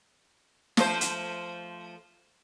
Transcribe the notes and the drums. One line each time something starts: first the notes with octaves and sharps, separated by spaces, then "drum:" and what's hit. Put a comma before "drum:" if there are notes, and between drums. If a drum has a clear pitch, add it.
F3 A3 C5, drum: snare
drum: hi-hat